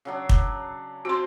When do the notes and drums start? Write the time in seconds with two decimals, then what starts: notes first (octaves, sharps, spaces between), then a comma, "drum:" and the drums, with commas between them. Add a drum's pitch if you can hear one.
0.05 C#3 F#3 D4
0.29 drum: kick
1.05 C4 F#4 C5 C6